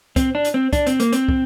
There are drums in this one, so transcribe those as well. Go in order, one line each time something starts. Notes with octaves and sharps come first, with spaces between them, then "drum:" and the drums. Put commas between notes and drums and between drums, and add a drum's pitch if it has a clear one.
C4, drum: kick, hi-hat
D4
drum: hi-hat
C4
D4, drum: kick, hi-hat
C4, drum: hi-hat
A#3, drum: hi-hat
C4, drum: hi-hat
drum: kick